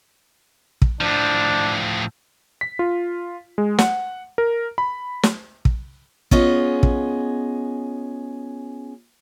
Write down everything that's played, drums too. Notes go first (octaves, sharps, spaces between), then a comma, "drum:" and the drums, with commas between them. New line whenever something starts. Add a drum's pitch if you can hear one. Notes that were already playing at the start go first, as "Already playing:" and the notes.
drum: kick
A2 F3 D4
B6
F4
G#3
F#5, drum: snare
A#4
B5
drum: snare
drum: kick
B3 C#4 F4 G#4 D#5, drum: kick
drum: kick